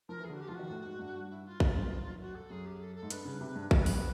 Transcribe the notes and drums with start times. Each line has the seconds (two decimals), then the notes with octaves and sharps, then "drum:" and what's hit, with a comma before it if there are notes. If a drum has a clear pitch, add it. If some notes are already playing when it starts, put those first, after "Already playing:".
0.09 F3 A#4
0.19 E3
0.24 G#4
0.30 D3
0.33 F#4
0.40 G4
0.48 F3 F4
0.54 F#4
0.59 D#3
0.70 A2
0.85 G#2
0.99 G2
1.30 E4
1.45 F4
1.60 G#2, drum: kick A#1
1.70 G2
1.80 F#2
2.20 F#4
2.35 A4
2.50 F#2 G#4
2.65 G4
2.80 A4
2.96 A4
3.03 G#2
3.10 G2 B4, drum: hi-hat
3.25 C#3
3.41 C3
3.56 G2
3.71 F2 B4, drum: kick A#1
3.86 E2, drum: open hi-hat